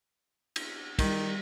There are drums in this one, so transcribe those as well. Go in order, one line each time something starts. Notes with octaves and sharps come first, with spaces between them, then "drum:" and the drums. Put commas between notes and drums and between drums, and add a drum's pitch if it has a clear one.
drum: cymbal
D#3 G3, drum: kick, cymbal